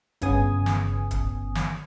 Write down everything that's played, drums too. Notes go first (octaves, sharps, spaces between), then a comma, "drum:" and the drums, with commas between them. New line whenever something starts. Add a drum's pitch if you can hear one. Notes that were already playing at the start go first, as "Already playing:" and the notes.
G1 C#3 B3 G#5 D#6, drum: kick, hi-hat
drum: snare
drum: kick, hi-hat
drum: snare